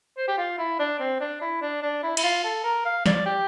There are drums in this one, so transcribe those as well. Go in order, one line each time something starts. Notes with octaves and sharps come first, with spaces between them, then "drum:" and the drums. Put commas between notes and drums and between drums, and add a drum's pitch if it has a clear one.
C5
G4
F4
E4
D4
C4
D4
E4
D4
D4
E4
E4, drum: cymbal
F4
A4
A#4
F5
D5, drum: snare
G4